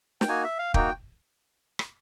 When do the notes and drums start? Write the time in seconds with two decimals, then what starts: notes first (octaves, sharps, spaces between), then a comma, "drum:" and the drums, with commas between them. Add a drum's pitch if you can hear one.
0.21 G5, drum: snare
0.28 A#3 D#4 F#4 G#5
0.44 E5
0.58 F5
0.74 A#3 D#4 F#4 G5, drum: kick
1.79 drum: rim click